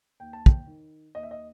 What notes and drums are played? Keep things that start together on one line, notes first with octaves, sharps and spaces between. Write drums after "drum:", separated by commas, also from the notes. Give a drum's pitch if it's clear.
D#2 G5
A5
G5, drum: kick
D#3
D#2 D#5
E5
D#5